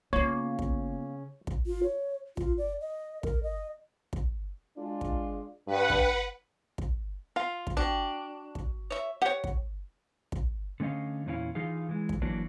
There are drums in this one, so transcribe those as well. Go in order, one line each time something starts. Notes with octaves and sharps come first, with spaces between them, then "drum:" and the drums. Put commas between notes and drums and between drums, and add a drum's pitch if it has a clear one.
C#3 A#3 B3 C#4 F4 C#5
drum: kick
drum: kick
F4
C#5
F4, drum: kick
D5
D#5
A#4, drum: kick
D#5
drum: kick
G#3 D4 F4
drum: kick
G2 B4 F#5
drum: kick
drum: kick
F4 F5
drum: kick
D4 F#4 G5
drum: kick
C#5 E5
G4 C#5 F#5
drum: kick
drum: kick
D3 A3 C#4 D#5 F5
E2 A#2 C#4 D4 E4 F5
E3 D#4 F4 G#4 F5
E3 G#3
drum: kick
E3 F#3 A#3 D4